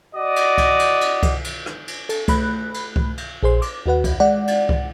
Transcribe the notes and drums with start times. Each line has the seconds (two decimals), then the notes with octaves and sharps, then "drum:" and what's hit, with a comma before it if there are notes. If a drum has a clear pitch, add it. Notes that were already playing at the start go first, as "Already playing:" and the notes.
0.15 F#4 D5 D#5
0.36 drum: cymbal
0.58 drum: kick C2, cymbal
0.79 drum: cymbal
1.01 drum: cymbal
1.23 drum: kick C2, cymbal
1.44 drum: cymbal
1.66 drum: rim click
1.88 drum: cymbal
2.09 A4, drum: cymbal
2.28 A3 B5 F#6, drum: kick C2, cymbal
2.74 drum: cymbal
2.96 drum: kick C2
3.18 drum: cymbal
3.43 A#1 G#4 C5 C6
3.62 D6, drum: cymbal
3.86 D#2 F#4 B4 F#5
4.04 drum: kick C2, cymbal
4.20 G#3 D5 F#5
4.47 drum: cymbal
4.69 drum: kick C2